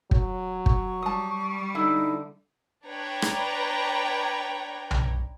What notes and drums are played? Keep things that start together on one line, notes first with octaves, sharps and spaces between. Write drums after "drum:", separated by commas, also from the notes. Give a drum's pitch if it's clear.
F#3, drum: kick
C#6, drum: kick
G3 A5 D#6
D3 D#4 E4
D4 B4 C#5 G5 A#5
drum: rim click
drum: tom B1